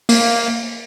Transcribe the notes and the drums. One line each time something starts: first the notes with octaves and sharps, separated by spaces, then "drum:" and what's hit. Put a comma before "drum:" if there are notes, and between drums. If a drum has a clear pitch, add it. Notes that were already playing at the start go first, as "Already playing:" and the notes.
A#3, drum: open hi-hat